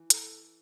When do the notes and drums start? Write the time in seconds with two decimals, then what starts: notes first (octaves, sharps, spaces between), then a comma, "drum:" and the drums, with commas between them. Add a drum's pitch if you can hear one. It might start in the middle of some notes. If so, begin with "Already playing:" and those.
Already playing: E3
0.10 A4, drum: hi-hat